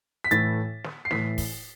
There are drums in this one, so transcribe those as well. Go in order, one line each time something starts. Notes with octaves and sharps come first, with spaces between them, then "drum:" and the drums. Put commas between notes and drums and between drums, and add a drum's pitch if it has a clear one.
B6
A2 E3 A3 E4 A6, drum: hi-hat
drum: snare
C7
A2 E3 A3 E4 B6, drum: snare
drum: kick, open hi-hat